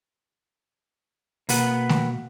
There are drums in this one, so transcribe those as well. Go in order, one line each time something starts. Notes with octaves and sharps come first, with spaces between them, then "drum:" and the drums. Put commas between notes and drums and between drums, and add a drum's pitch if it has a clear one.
B2 A#3 B4 F#5, drum: open hi-hat
drum: snare A3